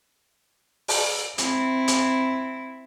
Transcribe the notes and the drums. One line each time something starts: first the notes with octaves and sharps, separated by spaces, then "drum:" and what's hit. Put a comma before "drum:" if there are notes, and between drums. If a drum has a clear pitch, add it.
drum: open hi-hat
C4 E4, drum: hi-hat
drum: hi-hat